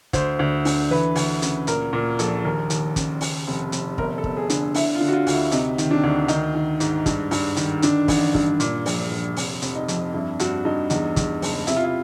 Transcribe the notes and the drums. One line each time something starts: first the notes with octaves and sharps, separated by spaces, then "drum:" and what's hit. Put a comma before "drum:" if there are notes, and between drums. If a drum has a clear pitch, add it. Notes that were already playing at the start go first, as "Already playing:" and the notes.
D2 C5, drum: kick, hi-hat
D2
D3, drum: open hi-hat
E3 B4
D2, drum: open hi-hat
C#3, drum: hi-hat
A#2 A#4, drum: hi-hat
A#2 A#4
A#1 A4, drum: hi-hat
D#2 A#4
D#2, drum: hi-hat
C#3, drum: kick, hi-hat
C#3, drum: open hi-hat
F1
F1, drum: hi-hat
G1 A#4, drum: kick
A4
G1, drum: kick
G#4
D3, drum: hi-hat
D3 E4, drum: open hi-hat
F4
D3
F#4
F4
D2, drum: open hi-hat
E4
C3 D#4, drum: hi-hat
D#3, drum: hi-hat
D4
D2
D#3 D#4, drum: hi-hat
D#3
G#2, drum: hi-hat
G2, drum: kick, hi-hat
G2, drum: open hi-hat
D#3, drum: hi-hat
D3 D4, drum: hi-hat
A1, drum: kick, open hi-hat
G2, drum: kick
A#2, drum: hi-hat
A#1, drum: open hi-hat
A#1
F1, drum: open hi-hat
F1, drum: hi-hat
D#4
F2, drum: hi-hat
G2 E4
G2 F#4, drum: hi-hat
G2 D#4
E2 D#4, drum: hi-hat
E2, drum: kick, hi-hat
F#1, drum: open hi-hat
C3 E4, drum: hi-hat
F4
E4